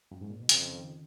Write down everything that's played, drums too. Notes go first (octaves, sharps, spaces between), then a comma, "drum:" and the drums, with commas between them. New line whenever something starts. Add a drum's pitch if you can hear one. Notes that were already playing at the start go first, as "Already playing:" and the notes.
F#2
G#2
A#2
B2
F2 C#3, drum: hi-hat
D#3